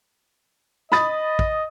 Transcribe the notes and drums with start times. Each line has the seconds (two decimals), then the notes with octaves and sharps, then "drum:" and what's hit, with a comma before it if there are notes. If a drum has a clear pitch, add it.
0.92 D#5 B5 D#6 A6, drum: snare
1.39 drum: kick